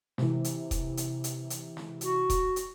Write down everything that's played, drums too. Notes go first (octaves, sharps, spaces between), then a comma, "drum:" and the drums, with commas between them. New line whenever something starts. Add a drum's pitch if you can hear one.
C3 E3, drum: snare
drum: hi-hat
drum: kick D#1, hi-hat
drum: hi-hat
drum: hi-hat
drum: hi-hat
drum: snare
F#4, drum: hi-hat
drum: kick D#1, hi-hat
drum: hi-hat